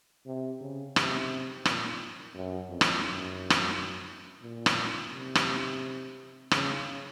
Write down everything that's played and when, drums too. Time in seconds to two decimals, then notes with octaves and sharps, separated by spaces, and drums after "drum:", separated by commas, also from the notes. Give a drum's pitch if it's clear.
0.26 C3
0.61 C#3
0.96 C3, drum: rim click
1.65 A#2, drum: rim click
2.34 F#2
2.69 F2
2.81 drum: rim click
3.04 F#2
3.50 drum: rim click
4.42 A#2
4.66 drum: rim click
5.12 C3
5.35 drum: rim click
6.51 C#3, drum: rim click